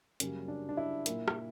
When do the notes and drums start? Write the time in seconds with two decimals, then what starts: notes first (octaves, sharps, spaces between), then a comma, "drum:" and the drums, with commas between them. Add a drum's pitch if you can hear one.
0.20 F#2 C#3 G3 A#3 C#4, drum: hi-hat
0.48 D4
0.69 D4
0.77 E4
1.06 A#2 A#3, drum: hi-hat
1.28 drum: rim click